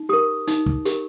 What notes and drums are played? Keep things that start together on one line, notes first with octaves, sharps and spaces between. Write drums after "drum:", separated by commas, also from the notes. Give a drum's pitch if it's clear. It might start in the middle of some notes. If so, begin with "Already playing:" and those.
Already playing: D#4
G4 A#4 D#6
D#4, drum: hi-hat
drum: kick
G4 A#4, drum: hi-hat